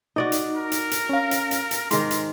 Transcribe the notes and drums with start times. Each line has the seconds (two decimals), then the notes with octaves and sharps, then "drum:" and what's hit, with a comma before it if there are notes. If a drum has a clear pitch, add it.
0.16 D#4 F#4 D5 D#5
0.32 drum: hi-hat
0.57 A#4
0.72 drum: hi-hat
0.91 drum: hi-hat
1.09 C#4 F5
1.31 drum: hi-hat
1.51 drum: hi-hat
1.71 drum: hi-hat
1.91 G#2 D#3 A#4 C6, drum: hi-hat
2.11 drum: hi-hat